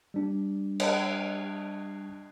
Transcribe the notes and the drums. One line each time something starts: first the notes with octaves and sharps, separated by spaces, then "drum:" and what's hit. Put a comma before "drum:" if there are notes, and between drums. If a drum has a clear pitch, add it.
G3 D4
drum: cymbal